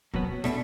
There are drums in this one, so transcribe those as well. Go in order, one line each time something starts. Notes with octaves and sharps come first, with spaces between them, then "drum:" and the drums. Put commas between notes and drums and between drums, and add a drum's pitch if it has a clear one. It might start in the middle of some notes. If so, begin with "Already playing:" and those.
B2 F#3 B3, drum: kick D2
B2 A3 D4, drum: rim click